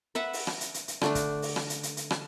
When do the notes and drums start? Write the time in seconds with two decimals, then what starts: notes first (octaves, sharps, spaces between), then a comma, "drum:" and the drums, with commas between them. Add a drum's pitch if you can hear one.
0.15 B4 E5 F#5
0.33 drum: open hi-hat
0.47 drum: rim click
0.61 drum: hi-hat
0.74 drum: hi-hat
0.88 drum: hi-hat
1.01 D3 A3 D4, drum: rim click
1.15 drum: kick, hi-hat
1.42 drum: open hi-hat
1.56 drum: rim click
1.70 drum: hi-hat
1.83 drum: hi-hat
1.97 drum: hi-hat
2.10 drum: rim click